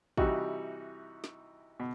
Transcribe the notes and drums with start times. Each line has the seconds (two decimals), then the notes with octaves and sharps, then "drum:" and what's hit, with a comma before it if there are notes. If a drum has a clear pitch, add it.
0.17 C3 E3 G3 D#4 F#4, drum: kick
1.24 drum: snare
1.80 B2